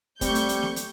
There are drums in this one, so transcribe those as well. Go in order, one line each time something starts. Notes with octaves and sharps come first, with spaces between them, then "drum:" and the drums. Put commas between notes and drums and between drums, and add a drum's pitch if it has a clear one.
G3 A3 C4 C#6 G6, drum: kick, hi-hat
drum: hi-hat
drum: hi-hat
drum: snare
drum: hi-hat